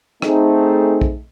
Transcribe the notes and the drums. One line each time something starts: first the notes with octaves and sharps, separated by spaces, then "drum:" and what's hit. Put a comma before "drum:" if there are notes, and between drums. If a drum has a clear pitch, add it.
A3 C4 D#4 G#4, drum: rim click
drum: kick